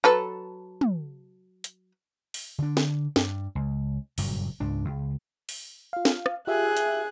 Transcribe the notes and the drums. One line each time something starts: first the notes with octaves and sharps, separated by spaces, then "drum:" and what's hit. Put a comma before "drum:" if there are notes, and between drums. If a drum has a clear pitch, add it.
F#3 A4 B4
drum: tom
drum: hi-hat
drum: open hi-hat
D3 D4
drum: snare
G2, drum: snare
C#2
F#1 G2 A#2 F#3, drum: open hi-hat
C#2 G#2 D4
C#2
drum: open hi-hat
F4 F5
drum: snare
drum: rim click
F4 G4 G#4 E5 F#6
drum: hi-hat